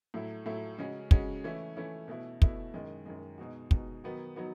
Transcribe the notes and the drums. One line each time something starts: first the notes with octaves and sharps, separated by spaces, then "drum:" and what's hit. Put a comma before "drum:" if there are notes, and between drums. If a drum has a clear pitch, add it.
A2 F#3 A3 E4
A2 F#3 A3 E4
C#3 G#3 C#4 F#4
C#3 G#3 C#4 F#4, drum: kick
E3 A3 C#4 E4
E3 A3 C#4 E4
B2 A3 E4
B2 A3 E4, drum: kick
F#2 D#3 G#3
F#2 D#3 G#3
B2 G#3 D#4 F#4
B2 G#3 D#4 F#4, drum: kick
D#3 F#3 B3 D#4 F#4
F#3 B3 D#4 F#4